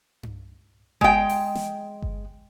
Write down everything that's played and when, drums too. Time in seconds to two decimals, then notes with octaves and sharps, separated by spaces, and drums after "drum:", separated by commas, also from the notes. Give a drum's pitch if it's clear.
0.23 drum: tom G2
1.01 G#3 G5, drum: kick G1
1.29 drum: open hi-hat
1.55 drum: snare
2.02 drum: kick G1